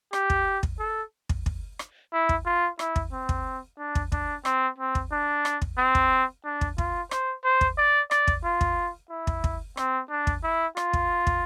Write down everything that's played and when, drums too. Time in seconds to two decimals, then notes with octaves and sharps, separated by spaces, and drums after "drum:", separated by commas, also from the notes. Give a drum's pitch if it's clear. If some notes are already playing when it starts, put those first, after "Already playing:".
0.13 G4, drum: rim click
0.30 drum: kick
0.63 drum: kick
0.79 A4
1.29 drum: kick
1.46 drum: kick
1.79 drum: rim click
2.12 E4
2.29 drum: kick
2.46 F4
2.79 E4, drum: rim click
2.96 drum: kick
3.12 C4
3.29 drum: kick
3.79 D4
3.95 drum: kick
4.12 D4, drum: kick
4.45 C4, drum: rim click
4.78 C4
4.95 drum: kick
5.12 D4
5.45 drum: rim click
5.62 drum: kick
5.78 C4
5.95 drum: kick
6.45 D4
6.61 drum: kick
6.78 F4, drum: kick
7.11 C5, drum: rim click
7.45 C5
7.61 drum: kick
7.78 D5
8.11 D5, drum: rim click
8.27 drum: kick
8.44 F4
8.61 drum: kick
9.10 E4
9.27 drum: kick
9.44 drum: kick
9.77 C4, drum: rim click
10.10 D4
10.27 drum: kick
10.43 E4
10.77 F4, drum: rim click
10.93 drum: kick
11.27 drum: kick